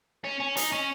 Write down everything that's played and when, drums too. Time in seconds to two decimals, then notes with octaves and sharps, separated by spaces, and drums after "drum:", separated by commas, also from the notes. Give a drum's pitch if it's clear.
0.24 C#4
0.40 C#4
0.57 D#4, drum: hi-hat
0.72 C#4